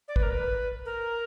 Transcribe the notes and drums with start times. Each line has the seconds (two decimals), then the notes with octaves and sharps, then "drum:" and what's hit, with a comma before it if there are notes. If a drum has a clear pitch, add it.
0.08 D5
0.16 B4, drum: kick
0.23 A#4
0.30 B4
0.85 A#4